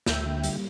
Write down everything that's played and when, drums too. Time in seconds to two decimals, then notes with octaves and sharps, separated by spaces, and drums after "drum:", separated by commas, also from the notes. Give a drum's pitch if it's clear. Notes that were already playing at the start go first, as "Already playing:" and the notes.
0.06 D2 E5 G5, drum: snare
0.26 D3
0.44 G3, drum: hi-hat